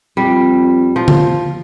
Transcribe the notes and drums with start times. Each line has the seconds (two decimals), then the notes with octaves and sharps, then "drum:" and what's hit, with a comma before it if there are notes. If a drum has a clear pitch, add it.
0.17 F2 G3
0.96 F3
1.08 drum: tom C#3